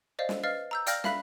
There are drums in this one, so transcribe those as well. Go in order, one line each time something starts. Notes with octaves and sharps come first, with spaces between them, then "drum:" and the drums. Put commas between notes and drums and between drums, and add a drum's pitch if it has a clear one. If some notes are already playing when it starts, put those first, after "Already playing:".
C5 D5 D#5 F5
drum: snare
B4 D#5 F5 F6 A6 C7
A#5 E6 G6
D5 F5 G5 F6 G6 A#6, drum: hi-hat
E5 F5 B5 F#6 B6, drum: snare